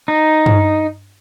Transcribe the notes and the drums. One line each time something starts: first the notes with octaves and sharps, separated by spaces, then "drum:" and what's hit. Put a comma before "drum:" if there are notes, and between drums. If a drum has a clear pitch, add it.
D#4
drum: tom G2